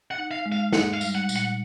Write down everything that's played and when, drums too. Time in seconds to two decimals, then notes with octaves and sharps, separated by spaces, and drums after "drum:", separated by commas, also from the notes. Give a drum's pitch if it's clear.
0.11 F#5
0.18 D#4
0.31 F5
0.46 G#3
0.52 F5
0.73 D#4 F#5, drum: snare
0.94 F5
1.01 G3, drum: tambourine
1.15 F#5
1.29 A#2, drum: tambourine
1.36 F#5